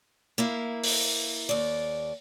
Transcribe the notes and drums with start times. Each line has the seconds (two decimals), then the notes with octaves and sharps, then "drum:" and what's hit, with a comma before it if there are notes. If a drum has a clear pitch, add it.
0.38 A#3 E4 F5
0.84 drum: open hi-hat
1.49 D#2 D5